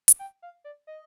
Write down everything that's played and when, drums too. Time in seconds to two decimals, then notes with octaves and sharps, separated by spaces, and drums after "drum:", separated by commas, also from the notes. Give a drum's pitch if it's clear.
0.08 drum: hi-hat
0.19 G5
0.42 F5
0.64 D5
0.87 D#5